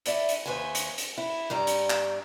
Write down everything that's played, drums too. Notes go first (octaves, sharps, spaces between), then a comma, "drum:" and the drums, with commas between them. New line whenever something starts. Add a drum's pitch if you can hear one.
E4 D5 E5, drum: hi-hat
drum: hi-hat
D#2 B4 C5 E5 G#5
drum: hi-hat
drum: hi-hat
E4
G2 G3 A#5
drum: hi-hat
drum: clap